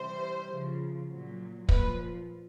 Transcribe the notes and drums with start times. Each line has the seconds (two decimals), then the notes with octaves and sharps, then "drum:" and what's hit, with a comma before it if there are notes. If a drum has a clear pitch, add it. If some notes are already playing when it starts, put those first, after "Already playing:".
Already playing: C3 E3 G3 C5
0.50 C#3 F3
1.09 A#2 F#3
1.69 A#2 F3 B4, drum: kick